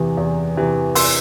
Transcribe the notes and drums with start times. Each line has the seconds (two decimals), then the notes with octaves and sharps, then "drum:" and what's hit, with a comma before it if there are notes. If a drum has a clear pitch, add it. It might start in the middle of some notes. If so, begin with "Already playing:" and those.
Already playing: E2 C3 E3
0.18 E2
0.57 C3 E3
0.95 C6 E6, drum: open hi-hat